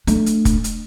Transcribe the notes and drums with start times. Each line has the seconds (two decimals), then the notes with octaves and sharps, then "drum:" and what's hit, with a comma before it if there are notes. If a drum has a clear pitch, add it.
0.07 A3 D4, drum: hi-hat
0.26 drum: hi-hat
0.45 drum: kick, hi-hat
0.64 drum: hi-hat